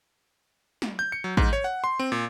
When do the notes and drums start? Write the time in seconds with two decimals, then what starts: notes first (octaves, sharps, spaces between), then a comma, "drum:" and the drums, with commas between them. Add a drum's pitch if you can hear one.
0.82 drum: snare
0.99 G6
1.12 C#7
1.24 F#3
1.37 G#2, drum: kick A1
1.53 C#5
1.64 F#5
1.84 C6
1.99 C4
2.12 A#2